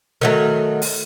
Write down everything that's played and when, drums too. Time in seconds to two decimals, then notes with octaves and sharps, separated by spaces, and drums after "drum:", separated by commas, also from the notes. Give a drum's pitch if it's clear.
0.21 D#3 F#3 A3
0.82 drum: open hi-hat